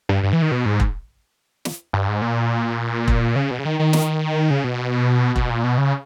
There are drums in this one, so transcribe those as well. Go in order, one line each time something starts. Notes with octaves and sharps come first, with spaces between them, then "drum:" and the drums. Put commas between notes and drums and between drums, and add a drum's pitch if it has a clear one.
G2
G2
E3
D#3
B2
G#2
drum: kick E1
drum: snare
G2
G#2
A#2
drum: kick E1
C#3
B2
C#3
D#3
D#3
drum: snare
C#3
B2
B2, drum: kick E1
A#2
B2
C#3